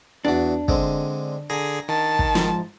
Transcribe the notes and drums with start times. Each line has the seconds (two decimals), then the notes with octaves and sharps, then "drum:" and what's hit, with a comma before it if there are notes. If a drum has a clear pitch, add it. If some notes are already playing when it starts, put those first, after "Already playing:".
0.25 E2 D4 F#4
0.68 D3 G#3 C4, drum: kick
1.50 D3 G#4 G#5 A#5
1.89 D#3 A5
2.19 drum: kick
2.35 G#2 F3, drum: snare